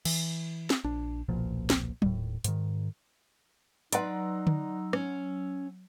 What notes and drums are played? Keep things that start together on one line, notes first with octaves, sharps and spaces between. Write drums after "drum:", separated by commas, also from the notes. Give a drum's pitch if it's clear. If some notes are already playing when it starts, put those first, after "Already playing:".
E3, drum: cymbal
drum: snare
A#1 D4
D#1 B1 A#2 F3
drum: snare
D#1 A2, drum: tom F#3
G#2 D#3, drum: hi-hat
F#3 D#4 B4 D5 F#5 A#5 C6 E6, drum: hi-hat
drum: tom D3
C#4, drum: rim click